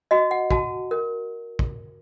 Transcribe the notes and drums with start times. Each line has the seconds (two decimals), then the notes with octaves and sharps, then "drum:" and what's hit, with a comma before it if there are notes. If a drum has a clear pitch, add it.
0.11 F#4 D#5
0.31 F#5
0.51 F#4 A5, drum: kick
0.91 A#4
1.59 drum: kick